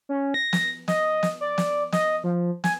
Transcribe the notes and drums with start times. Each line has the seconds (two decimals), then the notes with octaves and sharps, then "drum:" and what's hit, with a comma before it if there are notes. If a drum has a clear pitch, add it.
0.09 C#4
0.34 A#6
0.53 drum: snare
0.88 D#5, drum: snare
1.23 drum: snare
1.41 D5
1.58 drum: snare
1.92 D#5, drum: snare
2.24 F3
2.64 G#5, drum: snare